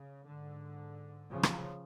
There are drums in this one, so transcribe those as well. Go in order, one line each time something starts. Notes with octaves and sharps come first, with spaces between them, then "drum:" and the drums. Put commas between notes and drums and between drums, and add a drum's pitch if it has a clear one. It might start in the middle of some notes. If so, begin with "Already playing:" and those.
Already playing: C#3
G#2 D3
C#3 F3
drum: rim click